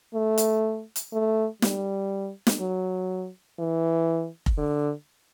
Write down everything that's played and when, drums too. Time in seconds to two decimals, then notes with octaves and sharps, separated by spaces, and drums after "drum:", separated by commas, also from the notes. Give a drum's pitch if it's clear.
0.14 A3
0.38 drum: hi-hat
0.96 drum: hi-hat
1.13 A3
1.62 G3, drum: snare
2.47 drum: snare
2.60 F#3
3.59 E3
4.46 drum: kick F1
4.58 D3